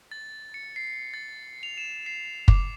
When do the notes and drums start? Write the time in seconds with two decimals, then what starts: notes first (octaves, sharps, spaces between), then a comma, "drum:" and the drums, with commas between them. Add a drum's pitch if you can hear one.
0.11 A6
0.54 C#7
0.76 C7
1.14 A6
1.63 F7
1.78 E7
2.06 C7
2.48 D6, drum: kick